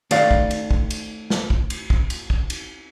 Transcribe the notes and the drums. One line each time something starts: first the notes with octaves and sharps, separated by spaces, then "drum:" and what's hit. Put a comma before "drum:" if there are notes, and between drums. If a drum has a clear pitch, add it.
D#3 A3 D5 F5, drum: cymbal
drum: kick
drum: cymbal
drum: kick
drum: cymbal
drum: snare
drum: kick
drum: cymbal
drum: kick
drum: cymbal
drum: kick
drum: cymbal